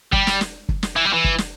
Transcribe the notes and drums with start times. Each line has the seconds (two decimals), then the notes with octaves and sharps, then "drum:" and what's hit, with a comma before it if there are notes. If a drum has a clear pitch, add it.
0.13 G3, drum: kick
0.27 drum: snare
0.41 drum: snare
0.69 drum: kick
0.83 drum: snare
0.96 E3
1.05 G3
1.13 E3
1.24 drum: kick
1.38 drum: snare